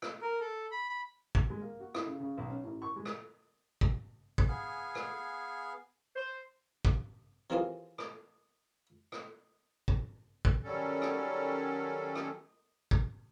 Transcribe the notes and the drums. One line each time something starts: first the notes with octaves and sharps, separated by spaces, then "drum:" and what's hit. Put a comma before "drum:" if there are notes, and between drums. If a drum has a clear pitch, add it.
drum: rim click
A#4
A4
B5
B5
drum: kick
G#3
A#3
F#4
E4, drum: rim click
C#3
C#3
B1
C#4
A1
C#6
G#3
drum: rim click
drum: kick
drum: kick
B3 G#4 F5 G#5
drum: rim click
C5
drum: kick
C3 D#3 E3 C4 F4 G#4
drum: rim click
drum: rim click
drum: kick
drum: kick
D#3 F#3 G3 C#4 A4
drum: rim click
drum: rim click
drum: kick